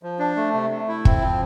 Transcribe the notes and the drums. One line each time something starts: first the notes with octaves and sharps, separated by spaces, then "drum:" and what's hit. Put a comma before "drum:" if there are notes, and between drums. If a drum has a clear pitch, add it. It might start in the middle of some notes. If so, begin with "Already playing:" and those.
F3
D4
A3
C3
A3
E4
C4, drum: kick
F3